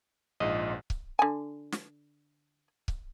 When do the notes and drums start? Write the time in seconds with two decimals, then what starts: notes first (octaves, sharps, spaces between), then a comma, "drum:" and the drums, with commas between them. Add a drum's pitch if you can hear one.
0.40 A#1 G#2 F4 D#5
0.90 drum: kick C#1
1.19 D3 G#5
1.72 drum: snare
2.88 drum: kick C#1